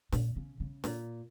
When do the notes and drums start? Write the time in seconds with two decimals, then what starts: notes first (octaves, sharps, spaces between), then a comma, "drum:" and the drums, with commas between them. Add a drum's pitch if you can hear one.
0.12 A#2, drum: snare
0.36 C#3
0.60 C#3
0.84 A#2, drum: snare